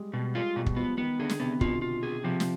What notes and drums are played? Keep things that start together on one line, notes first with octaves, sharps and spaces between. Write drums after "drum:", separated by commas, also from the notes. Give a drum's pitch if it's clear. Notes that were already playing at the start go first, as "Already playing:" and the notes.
Already playing: G3 G#3
B2 G3
G#3 F4
B2 G3
drum: kick
F3 B3
D#3 B3
D3 G#4
drum: snare
C3 B3
B2 F4, drum: kick
F4
G#4
C3 F3
drum: snare